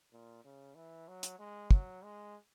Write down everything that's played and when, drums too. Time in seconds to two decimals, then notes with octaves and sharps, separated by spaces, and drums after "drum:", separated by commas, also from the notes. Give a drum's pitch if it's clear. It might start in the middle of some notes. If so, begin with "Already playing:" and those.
0.13 A#2
0.44 C#3
0.75 E3
1.08 F#3
1.23 drum: hi-hat
1.39 G#3
1.71 F#3, drum: kick
2.03 G#3